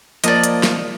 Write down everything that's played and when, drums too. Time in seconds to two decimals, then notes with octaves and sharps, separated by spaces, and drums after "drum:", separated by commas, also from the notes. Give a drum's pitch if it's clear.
0.24 F3 A#3 D5 D#5 A5, drum: hi-hat
0.44 drum: hi-hat
0.63 drum: snare